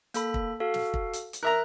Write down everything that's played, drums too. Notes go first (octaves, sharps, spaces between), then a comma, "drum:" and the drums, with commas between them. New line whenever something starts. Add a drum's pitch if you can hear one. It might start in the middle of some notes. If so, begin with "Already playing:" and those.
A#3 A4 B5, drum: hi-hat
drum: kick
F#4 A4 F5
drum: snare
drum: kick
drum: hi-hat
drum: hi-hat
A#4 E5 A#5 F#6